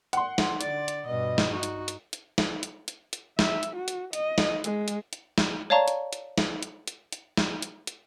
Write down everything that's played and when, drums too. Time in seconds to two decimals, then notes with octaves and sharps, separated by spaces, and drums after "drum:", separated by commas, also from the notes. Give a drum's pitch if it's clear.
0.13 F#5 C6, drum: hi-hat
0.38 drum: snare
0.61 D3 D5, drum: hi-hat
0.88 drum: hi-hat
1.07 G2 B2 D#5
1.38 drum: snare
1.52 D#4 F#4
1.63 drum: hi-hat
1.88 drum: hi-hat
2.13 drum: hi-hat
2.38 drum: snare
2.63 drum: hi-hat
2.88 drum: hi-hat
3.13 drum: hi-hat
3.39 E5, drum: snare
3.63 drum: hi-hat
3.76 F#4
3.88 drum: hi-hat
4.13 D#5, drum: hi-hat
4.38 drum: snare
4.64 G#3, drum: hi-hat
4.88 drum: hi-hat
5.13 drum: hi-hat
5.38 drum: snare
5.70 C#5 D5 F5 A5 A#5 C#6
5.88 drum: hi-hat
6.13 drum: hi-hat
6.38 drum: snare
6.63 drum: hi-hat
6.88 drum: hi-hat
7.12 drum: hi-hat
7.37 drum: snare
7.62 drum: hi-hat
7.87 drum: hi-hat